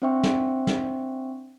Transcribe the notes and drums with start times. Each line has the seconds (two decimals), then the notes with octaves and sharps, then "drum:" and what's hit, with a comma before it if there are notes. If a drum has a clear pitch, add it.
0.02 C4 D4 C5 E5 G5 C#6
0.23 drum: snare
0.67 drum: snare